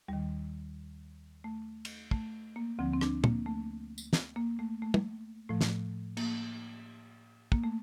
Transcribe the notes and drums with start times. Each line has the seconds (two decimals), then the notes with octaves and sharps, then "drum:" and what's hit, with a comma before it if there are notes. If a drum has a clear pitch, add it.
0.08 D#2 D#3 G3
1.44 A3
1.85 drum: cymbal
2.11 A3, drum: kick
2.56 A#3
2.79 D2 D3 F3 C4
2.93 C4
3.01 D4, drum: rim click
3.24 A#3, drum: tom
3.46 A3
3.98 drum: tambourine
4.13 drum: snare
4.36 A#3
4.59 A3
4.82 A3
4.94 drum: tom
5.49 A2 F3 A3
5.61 drum: snare
6.17 A#3, drum: cymbal
7.52 A#3, drum: kick
7.64 A3